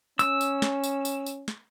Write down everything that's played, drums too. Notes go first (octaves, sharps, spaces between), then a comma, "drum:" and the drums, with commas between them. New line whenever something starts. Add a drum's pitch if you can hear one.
C#4 E6, drum: tambourine
drum: tambourine
drum: snare
drum: tambourine
drum: tambourine
drum: tambourine
drum: snare